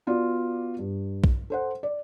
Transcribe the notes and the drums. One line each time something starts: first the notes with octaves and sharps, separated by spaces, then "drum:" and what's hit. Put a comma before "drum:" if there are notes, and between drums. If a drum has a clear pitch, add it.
B3 F4 F#4 D5
G2
drum: kick B1
A4 C5 F#5
D5